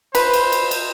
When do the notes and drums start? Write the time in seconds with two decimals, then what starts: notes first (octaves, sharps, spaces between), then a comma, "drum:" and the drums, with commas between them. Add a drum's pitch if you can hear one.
0.15 B4 C5, drum: cymbal
0.33 drum: cymbal
0.52 drum: cymbal
0.71 drum: cymbal